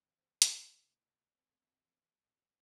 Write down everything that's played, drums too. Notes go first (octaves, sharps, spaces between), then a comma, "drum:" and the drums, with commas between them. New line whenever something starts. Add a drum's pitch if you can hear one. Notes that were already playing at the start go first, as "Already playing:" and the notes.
Already playing: E2 E3 G3 C4
C2 C3 E3 A3, drum: hi-hat
E2 C3 A3 C4
G1 G2 G3 C4